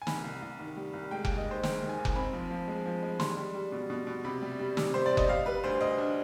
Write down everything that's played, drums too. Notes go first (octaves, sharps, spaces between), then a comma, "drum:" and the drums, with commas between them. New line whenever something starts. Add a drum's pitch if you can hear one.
G#5
C2 B5, drum: snare
C2
C2
D#3
G3
C2
G#3 G5
D#2 G5, drum: kick F1
D#5
D#2 C5
G#3 G5, drum: snare
D#3
G#5
D#2
G#5, drum: kick F1
C4 B5
F3
F3
G#3
F3
G#3
G3 C6, drum: snare
G3
G3
B2
B2
B2
C3 B5
G3
G3
C3, drum: snare
G3 C5
D5
G3
D#5, drum: kick F1
G3 F5
G3 B4
D2 C5
D2 D#5
D4